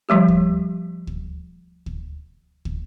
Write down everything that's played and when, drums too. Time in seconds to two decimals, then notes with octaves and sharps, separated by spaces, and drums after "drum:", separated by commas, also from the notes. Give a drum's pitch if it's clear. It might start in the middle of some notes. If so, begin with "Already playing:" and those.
0.09 F3 G3 A3 G4
0.28 drum: kick
1.07 drum: kick
1.86 drum: kick
2.65 drum: kick